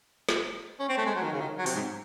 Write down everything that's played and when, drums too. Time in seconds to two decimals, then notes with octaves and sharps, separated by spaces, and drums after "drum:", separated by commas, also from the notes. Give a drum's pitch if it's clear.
0.29 drum: snare
0.80 C#4
0.89 C4
0.97 A3
1.06 G#3
1.15 F#3
1.23 D#3
1.32 C#3
1.41 D#3
1.58 F#3
1.66 C3, drum: open hi-hat
1.75 G#2